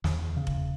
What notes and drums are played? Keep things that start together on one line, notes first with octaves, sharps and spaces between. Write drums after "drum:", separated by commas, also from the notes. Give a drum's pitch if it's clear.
E2, drum: snare
C#3
drum: kick F1